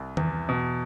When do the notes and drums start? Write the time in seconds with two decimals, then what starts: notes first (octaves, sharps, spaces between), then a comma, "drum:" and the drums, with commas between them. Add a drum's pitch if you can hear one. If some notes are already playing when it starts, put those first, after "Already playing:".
Already playing: C2
0.17 E2, drum: tom D#3
0.49 B2